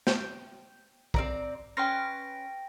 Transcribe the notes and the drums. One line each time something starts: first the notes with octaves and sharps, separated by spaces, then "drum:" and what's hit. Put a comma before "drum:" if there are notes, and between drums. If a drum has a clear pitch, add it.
G5, drum: snare
C4 D5 A#5, drum: kick
C#4 B4 G5 C6 A#6